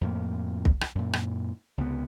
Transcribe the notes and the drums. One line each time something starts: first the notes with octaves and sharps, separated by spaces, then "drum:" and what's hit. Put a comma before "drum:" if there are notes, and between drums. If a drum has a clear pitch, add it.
F2 A2 A#3
drum: kick
drum: rim click
F#2 A#2
drum: rim click
C#2 C3 B3